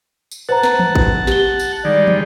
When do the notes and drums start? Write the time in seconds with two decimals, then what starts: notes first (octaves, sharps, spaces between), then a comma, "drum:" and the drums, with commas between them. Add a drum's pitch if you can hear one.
0.31 drum: tambourine
0.49 B4 C5 F#5 A5 A#5
0.63 drum: snare
0.79 drum: tom E3
0.95 drum: kick G#1
1.27 G4 G7, drum: snare
1.59 drum: tambourine
1.85 D#3 G3 G#3 D5
2.07 drum: tom